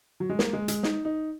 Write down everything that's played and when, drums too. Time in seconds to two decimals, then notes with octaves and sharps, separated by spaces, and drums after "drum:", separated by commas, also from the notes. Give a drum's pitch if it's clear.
0.20 F#3
0.29 G#3
0.39 A#3, drum: snare
0.53 G#3
0.68 G#3, drum: hi-hat
0.83 D#4, drum: snare
1.05 D#4